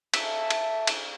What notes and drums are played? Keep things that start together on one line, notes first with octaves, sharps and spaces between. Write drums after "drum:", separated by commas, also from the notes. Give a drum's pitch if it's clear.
A4 E5, drum: cymbal
drum: cymbal
drum: cymbal